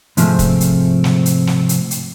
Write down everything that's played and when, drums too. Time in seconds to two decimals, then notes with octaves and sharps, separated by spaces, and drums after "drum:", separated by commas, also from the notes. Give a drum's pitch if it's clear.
0.17 G#2 C3 F3 G#3 A3 C4, drum: hi-hat
0.39 drum: kick, hi-hat
0.61 drum: hi-hat
1.04 drum: snare
1.26 drum: hi-hat
1.47 drum: snare
1.69 drum: hi-hat
1.91 drum: hi-hat